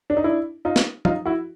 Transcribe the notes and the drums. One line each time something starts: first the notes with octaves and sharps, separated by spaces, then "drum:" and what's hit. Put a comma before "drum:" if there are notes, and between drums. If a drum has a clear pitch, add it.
D4
D#4
D4 E4
D#4 F4
drum: snare
D#4 F4, drum: tom F3
E4 F#4